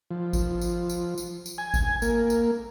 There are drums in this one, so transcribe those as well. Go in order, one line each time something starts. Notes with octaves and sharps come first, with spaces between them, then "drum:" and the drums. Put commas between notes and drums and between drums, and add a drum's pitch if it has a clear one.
F3
drum: kick G#1, tambourine
drum: tambourine
drum: tambourine
drum: tambourine
drum: tambourine
G#5
drum: kick G#1, tambourine
A#3, drum: tambourine
drum: tambourine